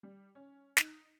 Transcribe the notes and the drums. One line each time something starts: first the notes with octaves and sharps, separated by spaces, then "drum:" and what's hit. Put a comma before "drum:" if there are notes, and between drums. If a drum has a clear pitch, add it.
G3
C#4
D#4, drum: snare